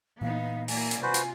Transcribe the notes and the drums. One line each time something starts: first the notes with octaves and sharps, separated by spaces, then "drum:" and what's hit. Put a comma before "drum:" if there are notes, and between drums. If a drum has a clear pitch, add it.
A#2 E3 B3 D#4 F5
A#3 E4 D5 G#5, drum: open hi-hat
drum: hi-hat
C3 F4 F#4 B4 C5 G#5
drum: hi-hat